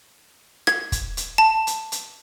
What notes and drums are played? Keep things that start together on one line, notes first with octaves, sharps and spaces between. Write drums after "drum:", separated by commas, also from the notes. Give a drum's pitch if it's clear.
G#6, drum: rim click
drum: kick, hi-hat
drum: hi-hat
A5
drum: hi-hat
drum: hi-hat